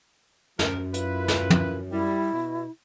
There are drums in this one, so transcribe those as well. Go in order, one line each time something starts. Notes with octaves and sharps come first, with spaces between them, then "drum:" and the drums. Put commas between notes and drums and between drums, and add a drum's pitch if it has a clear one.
F#2 F3 A#4, drum: snare
E4 F4 B4, drum: hi-hat
drum: snare
drum: tom
G3 E4
B2